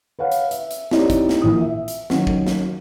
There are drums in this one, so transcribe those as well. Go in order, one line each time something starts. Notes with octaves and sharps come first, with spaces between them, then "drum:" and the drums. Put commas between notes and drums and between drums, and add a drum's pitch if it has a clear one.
B4 C#5 F5 F#5
drum: hi-hat
E5, drum: hi-hat
drum: hi-hat
C4 D#4 E4 G4 C#5 D5, drum: snare
drum: kick, hi-hat
drum: snare
A#1 A#2 D#6
E5
drum: hi-hat
D#3 F#3 C#4 F#4, drum: snare
drum: kick
drum: snare